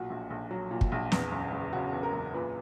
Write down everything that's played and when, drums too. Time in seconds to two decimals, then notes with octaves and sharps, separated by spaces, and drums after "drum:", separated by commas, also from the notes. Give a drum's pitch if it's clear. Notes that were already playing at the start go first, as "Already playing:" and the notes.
Already playing: B1 A#2 F#4
0.10 A#1
0.30 A#1
0.51 F#3
0.71 A#2
0.81 drum: kick
0.92 A#1
1.12 E2, drum: snare
1.32 F#1
1.52 F#1
1.73 C#3 F#4
1.93 E2
2.03 A#4
2.13 F#1
2.33 A#2 B4